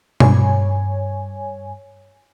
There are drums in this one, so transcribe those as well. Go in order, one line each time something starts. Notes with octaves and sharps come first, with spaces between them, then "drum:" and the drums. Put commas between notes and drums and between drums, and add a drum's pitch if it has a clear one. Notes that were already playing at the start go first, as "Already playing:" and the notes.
G2 C#5 G#5, drum: tom B2